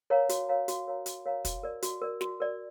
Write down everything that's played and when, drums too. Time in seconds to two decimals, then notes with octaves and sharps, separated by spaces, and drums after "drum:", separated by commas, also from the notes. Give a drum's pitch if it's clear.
0.10 A#4 C#5 F5 A#5
0.29 F#4, drum: hi-hat
0.49 A#4 C#5 F5 A#5
0.68 F#4, drum: hi-hat
0.87 A#4 C#5 F5 A#5
1.06 F#4, drum: hi-hat
1.26 A#4 C#5 F5 A#5
1.45 F#4, drum: kick, hi-hat
1.63 A#4 D5
1.82 F#4, drum: hi-hat
2.02 A#4 D5
2.21 F#4, drum: snare
2.40 A#4 D5